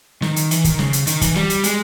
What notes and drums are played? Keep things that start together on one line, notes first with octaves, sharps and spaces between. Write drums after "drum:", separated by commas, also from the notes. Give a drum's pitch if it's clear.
D#3, drum: snare
drum: hi-hat
E3, drum: hi-hat
D#3, drum: kick, hi-hat
C#3, drum: snare
drum: hi-hat
D#3, drum: hi-hat
E3, drum: kick, hi-hat
G3, drum: snare
drum: hi-hat
G#3, drum: hi-hat